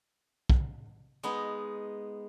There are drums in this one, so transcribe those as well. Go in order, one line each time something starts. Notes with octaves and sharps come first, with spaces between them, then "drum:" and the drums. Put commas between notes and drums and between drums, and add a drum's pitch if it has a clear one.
drum: kick
G#3 B3 D#4